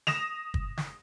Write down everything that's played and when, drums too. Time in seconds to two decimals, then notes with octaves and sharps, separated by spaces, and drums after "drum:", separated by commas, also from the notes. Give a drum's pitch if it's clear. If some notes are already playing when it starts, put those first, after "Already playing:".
0.07 D#6 A#6 E7 F7, drum: snare
0.54 drum: kick
0.77 drum: snare